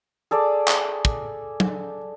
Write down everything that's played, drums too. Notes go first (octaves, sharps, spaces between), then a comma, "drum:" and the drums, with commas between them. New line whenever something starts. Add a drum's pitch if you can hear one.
G#4 A4 D5
drum: clap
drum: kick
drum: tom